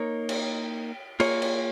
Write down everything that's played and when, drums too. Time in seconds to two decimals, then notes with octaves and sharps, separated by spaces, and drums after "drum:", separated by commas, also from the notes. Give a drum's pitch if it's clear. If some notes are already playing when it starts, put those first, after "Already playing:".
Already playing: A#3 D#4 A#4 C#5
0.29 drum: cymbal
1.20 A#3 F4 G#4 C#5, drum: cymbal
1.42 drum: cymbal